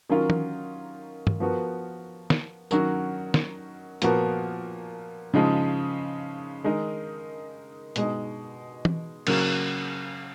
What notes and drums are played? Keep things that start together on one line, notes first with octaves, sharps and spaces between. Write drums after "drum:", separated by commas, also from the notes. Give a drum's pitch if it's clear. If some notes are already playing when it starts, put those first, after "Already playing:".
D#3 F#3 C#4 F4 A#4
drum: tom E3
drum: tom
F3 B3 F#4 A#4
drum: snare
D#3 F#3 C#4 F#4 A#4, drum: tambourine
drum: snare
A#2 F3 B3 F#4 A#4, drum: hi-hat
C#3 F3 G#3 D#4
D#3 G#3 D#4 A#4
B2 G#3 D#4, drum: hi-hat
drum: tom E3
C#3 F#3 A#3, drum: cymbal